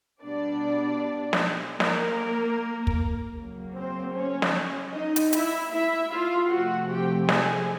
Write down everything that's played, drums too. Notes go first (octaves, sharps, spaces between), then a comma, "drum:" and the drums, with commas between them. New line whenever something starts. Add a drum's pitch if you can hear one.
B2 G3 B3 D4 D5
drum: snare
A#3 A#4, drum: snare
drum: kick
C#3 F#3 A#3
C4 C5
C#4 C#5
drum: snare
D#4 D#5
drum: hi-hat
E4 E5, drum: hi-hat
E4 E5
F4 F5
C3 F3 A3 C4 F#4 F#5
G4 G5
G#4 G#5, drum: snare